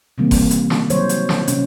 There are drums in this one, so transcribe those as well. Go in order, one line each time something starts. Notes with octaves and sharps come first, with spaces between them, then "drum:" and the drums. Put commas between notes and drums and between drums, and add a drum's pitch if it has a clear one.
C3 D#3 E3 G3 A#3 C4
drum: kick F#1, open hi-hat
drum: hi-hat
drum: snare
D#3 F#3 C5 C#5, drum: hi-hat
drum: hi-hat
drum: snare
C3 C#4, drum: hi-hat